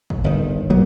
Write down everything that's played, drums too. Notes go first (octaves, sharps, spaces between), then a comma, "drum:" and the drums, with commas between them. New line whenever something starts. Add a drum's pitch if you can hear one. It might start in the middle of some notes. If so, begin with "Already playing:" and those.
drum: kick
G1 D#3
F#3 A#3 B3